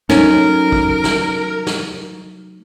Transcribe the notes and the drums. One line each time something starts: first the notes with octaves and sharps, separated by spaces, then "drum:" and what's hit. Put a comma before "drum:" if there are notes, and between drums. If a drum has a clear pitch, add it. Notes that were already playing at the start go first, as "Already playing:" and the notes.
F#3 A3 C#4 D#4 A#4, drum: snare
drum: kick
drum: snare
drum: snare